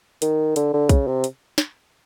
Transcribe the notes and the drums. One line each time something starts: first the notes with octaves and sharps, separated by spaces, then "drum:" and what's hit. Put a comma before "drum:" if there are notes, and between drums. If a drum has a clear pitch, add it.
D#3, drum: hi-hat
D3, drum: hi-hat
D3
C#3, drum: kick B1, hi-hat
C3
drum: hi-hat
drum: snare